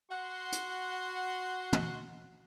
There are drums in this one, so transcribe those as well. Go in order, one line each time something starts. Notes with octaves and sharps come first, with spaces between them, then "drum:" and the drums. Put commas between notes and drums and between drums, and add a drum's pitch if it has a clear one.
F#4 F#5 C6
drum: hi-hat
drum: tom